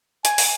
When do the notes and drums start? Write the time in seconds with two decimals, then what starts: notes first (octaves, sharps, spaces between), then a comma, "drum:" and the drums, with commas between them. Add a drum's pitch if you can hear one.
0.25 G#5, drum: hi-hat
0.38 drum: open hi-hat